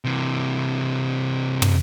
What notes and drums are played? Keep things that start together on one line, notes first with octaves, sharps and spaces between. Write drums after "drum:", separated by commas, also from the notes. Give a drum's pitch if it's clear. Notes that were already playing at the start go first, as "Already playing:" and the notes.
C3 E3
drum: tom